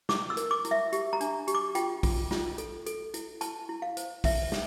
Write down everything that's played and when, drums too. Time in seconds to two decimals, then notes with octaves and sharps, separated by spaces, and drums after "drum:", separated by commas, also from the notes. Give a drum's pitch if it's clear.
0.09 E4 D6, drum: snare
0.30 E6
0.37 A#4, drum: hi-hat
0.51 D6
0.65 E4, drum: hi-hat
0.71 E5
0.93 G4, drum: hi-hat
1.13 A#5
1.21 D4, drum: hi-hat
1.48 G4, drum: hi-hat
1.55 D6
1.75 F4 G5, drum: hi-hat
2.03 F4, drum: kick, open hi-hat
2.31 F4, drum: snare
2.58 A4, drum: hi-hat
2.86 A4, drum: hi-hat
3.14 E4, drum: hi-hat
3.41 E4 A5, drum: hi-hat
3.69 E4
3.82 F5
3.97 C5, drum: hi-hat
4.24 E4 E5, drum: kick, open hi-hat
4.52 drum: snare